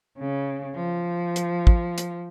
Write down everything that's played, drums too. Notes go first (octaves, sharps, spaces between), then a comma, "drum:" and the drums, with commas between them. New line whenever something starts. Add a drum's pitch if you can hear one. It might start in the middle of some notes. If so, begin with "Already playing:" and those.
C#3
F3
drum: hi-hat
drum: kick
drum: hi-hat